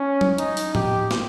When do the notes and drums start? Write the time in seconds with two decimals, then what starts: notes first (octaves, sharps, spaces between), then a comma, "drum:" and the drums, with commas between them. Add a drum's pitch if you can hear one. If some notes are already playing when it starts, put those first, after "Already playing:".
Already playing: C#4
0.21 drum: tom F#3
0.38 D#4, drum: hi-hat
0.57 drum: open hi-hat
0.75 G4, drum: tom A2
1.11 drum: snare